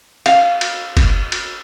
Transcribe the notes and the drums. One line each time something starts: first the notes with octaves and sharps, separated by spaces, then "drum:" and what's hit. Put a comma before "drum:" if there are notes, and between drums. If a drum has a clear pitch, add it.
F5, drum: cymbal
drum: cymbal
drum: kick, cymbal
drum: cymbal